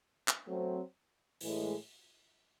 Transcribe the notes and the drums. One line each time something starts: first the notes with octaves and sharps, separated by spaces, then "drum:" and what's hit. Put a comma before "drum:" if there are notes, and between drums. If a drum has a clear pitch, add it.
drum: clap
F#3 A3 C4
A2 E3 G#3, drum: open hi-hat